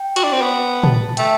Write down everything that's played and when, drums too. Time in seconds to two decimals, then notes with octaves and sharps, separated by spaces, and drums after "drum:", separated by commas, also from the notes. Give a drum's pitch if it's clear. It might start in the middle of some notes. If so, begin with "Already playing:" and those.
Already playing: G5
0.16 F#4, drum: hi-hat
0.24 D4
0.33 C4
0.41 B3
0.83 A5, drum: tom
1.09 A5
1.17 A3 G5, drum: hi-hat